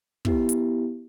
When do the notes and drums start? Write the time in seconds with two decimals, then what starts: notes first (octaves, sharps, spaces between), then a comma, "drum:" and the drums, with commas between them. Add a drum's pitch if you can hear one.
0.25 B3 E4 G4, drum: kick
0.49 drum: hi-hat